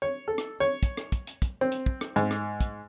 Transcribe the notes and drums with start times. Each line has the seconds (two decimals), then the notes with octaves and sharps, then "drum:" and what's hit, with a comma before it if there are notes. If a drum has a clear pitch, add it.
0.02 C#5
0.28 A4
0.38 drum: rim click
0.60 C#5
0.83 drum: kick, hi-hat
0.97 drum: rim click
1.12 drum: kick, hi-hat
1.27 drum: hi-hat
1.42 drum: kick, hi-hat
1.61 C4
1.72 drum: hi-hat
1.86 drum: kick
2.01 drum: rim click
2.16 G#2, drum: hi-hat
2.31 drum: rim click
2.60 drum: kick, hi-hat